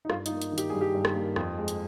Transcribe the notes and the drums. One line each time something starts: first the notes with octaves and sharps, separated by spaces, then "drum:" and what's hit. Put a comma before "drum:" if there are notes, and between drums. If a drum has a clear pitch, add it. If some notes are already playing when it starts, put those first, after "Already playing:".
D#4
G2 F4, drum: rim click
D#4, drum: hi-hat
A#3
drum: hi-hat
D#3
G4, drum: hi-hat
G2 G#4
G4
G2
drum: rim click
A#3
F2, drum: rim click
G#3
drum: hi-hat